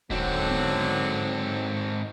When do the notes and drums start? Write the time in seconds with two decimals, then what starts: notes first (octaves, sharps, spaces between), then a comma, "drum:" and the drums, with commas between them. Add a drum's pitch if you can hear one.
0.10 G#2 D3 F#3 C4, drum: kick D#1
0.51 drum: tom B3